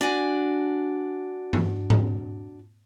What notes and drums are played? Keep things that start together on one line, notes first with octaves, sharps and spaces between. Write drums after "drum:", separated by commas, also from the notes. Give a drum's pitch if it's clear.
D4 F#4 G#5
drum: tom
drum: tom G#2